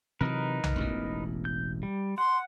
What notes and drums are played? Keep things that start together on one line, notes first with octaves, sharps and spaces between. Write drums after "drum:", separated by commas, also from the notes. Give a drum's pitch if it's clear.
C3 E3 F#3 D#4 A#4 B4
drum: tom B1
E1 A1 B2
G6
G3
F#5 C6